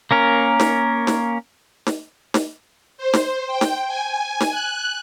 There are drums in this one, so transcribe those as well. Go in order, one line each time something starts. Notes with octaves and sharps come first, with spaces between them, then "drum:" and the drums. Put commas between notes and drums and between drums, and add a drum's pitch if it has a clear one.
A#3 C#4 A#4
drum: snare
drum: snare
drum: snare
drum: snare
C5
drum: snare
G5
drum: snare
G#5
drum: snare
F#6